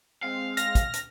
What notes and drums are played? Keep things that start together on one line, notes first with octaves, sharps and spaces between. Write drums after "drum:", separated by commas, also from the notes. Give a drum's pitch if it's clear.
G#3 C4 F5
F6 A#6, drum: hi-hat
drum: kick, hi-hat
drum: hi-hat